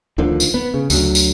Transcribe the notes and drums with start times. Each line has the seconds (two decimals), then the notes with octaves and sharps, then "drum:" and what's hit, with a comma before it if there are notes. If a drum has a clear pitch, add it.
0.18 D2 D3 D#3 F3
0.40 drum: tambourine
0.54 B3
0.74 C#3
0.90 D2 D3 F#3, drum: tambourine
1.15 drum: tambourine